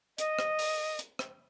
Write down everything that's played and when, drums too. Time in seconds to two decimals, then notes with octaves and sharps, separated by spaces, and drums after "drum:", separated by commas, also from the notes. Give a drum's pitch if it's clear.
0.18 D#5, drum: hi-hat
0.39 drum: rim click
0.59 drum: open hi-hat
0.99 drum: hi-hat
1.19 drum: rim click